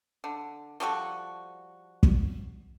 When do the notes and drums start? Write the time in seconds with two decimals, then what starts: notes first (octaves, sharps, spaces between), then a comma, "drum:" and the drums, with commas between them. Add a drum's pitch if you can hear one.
0.24 D3
0.80 F3 G3 F#4 A4
2.03 drum: kick